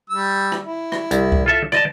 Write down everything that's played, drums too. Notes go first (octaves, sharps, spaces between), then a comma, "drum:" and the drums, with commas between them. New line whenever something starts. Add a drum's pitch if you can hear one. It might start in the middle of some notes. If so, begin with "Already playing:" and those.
G3 E6
drum: rim click
E4
drum: rim click
C2, drum: hi-hat
drum: kick C2
F4 A4 E5
D5 D#5 A5, drum: rim click